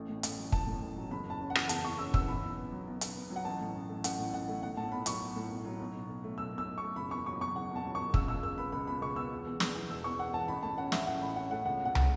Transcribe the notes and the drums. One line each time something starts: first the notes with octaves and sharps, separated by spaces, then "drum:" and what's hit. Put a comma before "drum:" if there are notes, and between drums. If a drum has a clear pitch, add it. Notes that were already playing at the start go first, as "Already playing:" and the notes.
Already playing: A1 A3
A2
A1, drum: hi-hat
F#3
A1 A5, drum: kick
A2
A1
F#3
F#1 B5
E2 A5
C#4
F#5
E3, drum: rim click
F#1 A5, drum: hi-hat
E2 C#6
C#4 E6
E3 E6, drum: kick
B1 B5
B2
B3
F#3
B1
B2, drum: hi-hat
B3
F#3
F#5
A1 A5
A2
A1
A3
A1 F#5, drum: hi-hat
A2
A1 F#5
A3
B1 F#5
A2 A5
B1 B5
F#3 C#6, drum: hi-hat
B1
A2
B1
F#3
B1
B2
B1
A3
B1 E6
B2
E6
B1
A3 C#6
F#1 B5
E2 C#6
F#3 C#6
B2 C#6
F#1 F#5
E2
A5
F#3
B2 C#6
C#2 E6, drum: kick
B2 E6
C#2 E6
B3 B5
C#2 B5
B2 B5
C#2 C#6
B3 E6
E1
E2
B3, drum: snare
E3
E1 E6
E2 C#6
B3 F#5
E3 A5
A1 B5
A2 A5
C#4 F#5
A3 E5, drum: snare
A1 F#5
A2 B5
C#4 F#5
A3 F#5
C#2 F#5
B2 F#5
drum: tom